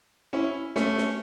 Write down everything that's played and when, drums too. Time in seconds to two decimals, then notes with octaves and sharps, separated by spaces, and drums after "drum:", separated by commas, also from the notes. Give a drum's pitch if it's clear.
0.33 C#4 E4
0.76 A3 C#4, drum: snare
0.97 drum: snare